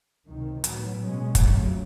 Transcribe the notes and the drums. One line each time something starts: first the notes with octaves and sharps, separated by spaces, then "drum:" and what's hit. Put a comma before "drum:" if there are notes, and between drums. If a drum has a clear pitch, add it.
C#2 C3 D#3
A2 F#3 B3, drum: hi-hat
B2 G#3 C#4
F2 C#3 F#3 A3, drum: kick, hi-hat